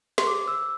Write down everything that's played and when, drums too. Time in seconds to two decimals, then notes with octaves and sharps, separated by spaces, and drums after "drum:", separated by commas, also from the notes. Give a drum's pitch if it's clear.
0.18 C6, drum: snare
0.27 G4 C5 D6
0.48 E6